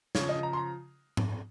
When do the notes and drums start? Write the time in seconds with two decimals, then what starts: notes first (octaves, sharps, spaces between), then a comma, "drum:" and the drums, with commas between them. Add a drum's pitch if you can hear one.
0.15 C#3 F3 C#5, drum: snare
0.29 D#5
0.43 A#5
0.53 C6
0.57 A#5
1.17 drum: tom G#2